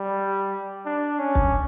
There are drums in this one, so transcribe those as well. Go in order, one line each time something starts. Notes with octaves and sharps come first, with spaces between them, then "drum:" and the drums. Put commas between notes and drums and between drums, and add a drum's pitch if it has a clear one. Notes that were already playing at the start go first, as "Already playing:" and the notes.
Already playing: G3
D4
C#4
drum: kick